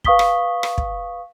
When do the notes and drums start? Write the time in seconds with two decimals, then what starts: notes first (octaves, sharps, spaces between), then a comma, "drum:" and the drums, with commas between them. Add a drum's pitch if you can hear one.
0.04 B4 F5 C#6 D#6 B6 G7, drum: kick
0.19 drum: rim click
0.63 drum: rim click
0.78 drum: kick